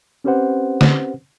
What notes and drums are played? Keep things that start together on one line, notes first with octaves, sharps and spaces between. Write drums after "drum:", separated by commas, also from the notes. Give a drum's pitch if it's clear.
C4 C#4 G4 B4 C5 F#5
drum: snare